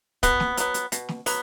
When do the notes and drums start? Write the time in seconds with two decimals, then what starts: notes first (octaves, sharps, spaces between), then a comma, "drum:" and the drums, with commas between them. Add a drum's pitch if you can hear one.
0.23 B2 B3, drum: kick, hi-hat
0.40 drum: snare
0.57 F#3 B3, drum: hi-hat
0.74 drum: hi-hat
0.92 B2, drum: hi-hat
1.09 drum: snare
1.26 F#3 B3, drum: open hi-hat